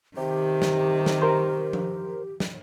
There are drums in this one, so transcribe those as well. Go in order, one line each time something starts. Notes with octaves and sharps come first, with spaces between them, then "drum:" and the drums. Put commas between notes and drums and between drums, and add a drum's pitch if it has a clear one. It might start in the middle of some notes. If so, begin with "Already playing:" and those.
C3 D#3 G4
drum: snare
drum: snare
A#4 C5
drum: tom F3
drum: snare